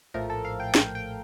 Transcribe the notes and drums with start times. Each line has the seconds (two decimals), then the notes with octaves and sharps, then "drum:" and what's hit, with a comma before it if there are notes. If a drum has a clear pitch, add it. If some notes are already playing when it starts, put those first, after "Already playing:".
0.14 A#1 A2 F3 A3 A#4
0.30 A4
0.45 F5
0.60 G5
0.75 drum: snare
0.95 G5